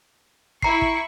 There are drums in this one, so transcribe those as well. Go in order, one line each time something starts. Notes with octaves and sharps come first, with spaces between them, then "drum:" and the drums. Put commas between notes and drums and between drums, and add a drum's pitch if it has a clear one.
E4 A#5 C#6 C7, drum: kick
drum: kick